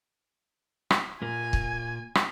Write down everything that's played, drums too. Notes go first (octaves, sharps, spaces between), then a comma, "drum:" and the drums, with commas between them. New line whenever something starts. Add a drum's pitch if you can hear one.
drum: rim click
A#2 A#3 G#5
drum: kick
drum: rim click